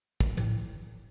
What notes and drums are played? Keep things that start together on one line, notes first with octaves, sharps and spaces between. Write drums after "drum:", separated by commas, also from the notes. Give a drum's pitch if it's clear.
drum: kick
A2, drum: tom